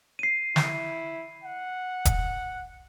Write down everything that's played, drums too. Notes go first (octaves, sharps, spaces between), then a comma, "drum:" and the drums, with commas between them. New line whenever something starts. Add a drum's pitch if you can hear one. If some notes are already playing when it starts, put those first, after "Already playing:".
C7 D#7
E4, drum: snare
F#5
drum: kick E1, hi-hat